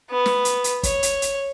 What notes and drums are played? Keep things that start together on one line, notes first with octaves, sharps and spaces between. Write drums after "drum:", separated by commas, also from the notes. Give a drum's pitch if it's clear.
B3
drum: snare
drum: hi-hat
drum: hi-hat
C#5, drum: kick, hi-hat
drum: hi-hat
drum: hi-hat